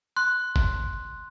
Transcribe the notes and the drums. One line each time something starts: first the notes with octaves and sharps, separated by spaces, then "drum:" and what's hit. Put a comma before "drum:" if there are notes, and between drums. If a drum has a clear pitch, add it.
C6 F#6
drum: kick G1